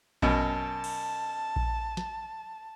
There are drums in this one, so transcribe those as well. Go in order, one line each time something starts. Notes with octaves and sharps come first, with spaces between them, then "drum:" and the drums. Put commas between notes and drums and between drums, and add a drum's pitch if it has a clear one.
F#2 B2 A5, drum: kick A#1
drum: cymbal
drum: kick A#1
drum: snare